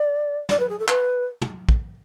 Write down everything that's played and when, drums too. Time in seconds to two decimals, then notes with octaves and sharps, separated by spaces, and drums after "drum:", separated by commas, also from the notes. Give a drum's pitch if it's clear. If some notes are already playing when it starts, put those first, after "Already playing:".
Already playing: D5
0.49 D5, drum: snare
0.59 B4
0.69 G#4
0.79 A4
0.88 B4, drum: clap
1.41 drum: tom
1.69 drum: kick